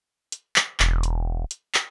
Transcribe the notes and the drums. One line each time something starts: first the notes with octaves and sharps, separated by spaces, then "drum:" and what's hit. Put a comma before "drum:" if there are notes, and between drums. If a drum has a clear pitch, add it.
drum: hi-hat
drum: clap
E1, drum: clap
drum: hi-hat
drum: hi-hat
drum: clap